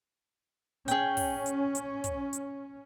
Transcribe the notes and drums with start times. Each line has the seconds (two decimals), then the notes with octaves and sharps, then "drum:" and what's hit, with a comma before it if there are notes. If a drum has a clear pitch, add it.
0.88 C#4 G#4 G5, drum: hi-hat
1.17 drum: kick, open hi-hat
1.46 drum: hi-hat
1.75 drum: hi-hat
2.04 drum: kick, hi-hat
2.33 drum: hi-hat